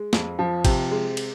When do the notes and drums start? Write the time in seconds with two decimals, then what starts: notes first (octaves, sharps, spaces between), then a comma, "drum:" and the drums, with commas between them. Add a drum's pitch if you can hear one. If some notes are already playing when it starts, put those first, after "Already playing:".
Already playing: G#3
0.13 F2, drum: snare
0.39 F3
0.65 C3, drum: kick G#1, cymbal
0.91 G#3
1.17 drum: cymbal